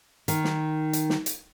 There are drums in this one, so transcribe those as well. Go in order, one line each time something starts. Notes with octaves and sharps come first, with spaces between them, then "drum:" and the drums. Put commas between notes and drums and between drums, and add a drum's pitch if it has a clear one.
D#3, drum: hi-hat
drum: snare
drum: hi-hat
drum: snare
drum: hi-hat